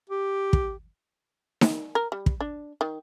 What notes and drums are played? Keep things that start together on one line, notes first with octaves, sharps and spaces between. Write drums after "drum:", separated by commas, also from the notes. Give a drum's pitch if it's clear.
G4
drum: kick
drum: snare D#4
A#4
G3
drum: kick
D4
D#3